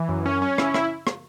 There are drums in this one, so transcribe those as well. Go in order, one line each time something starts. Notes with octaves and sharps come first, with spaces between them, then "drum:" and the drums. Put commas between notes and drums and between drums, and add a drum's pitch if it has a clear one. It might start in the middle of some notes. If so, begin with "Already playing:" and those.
Already playing: E3
F#2
C#4
C#4
E4, drum: rim click
E4, drum: rim click
drum: rim click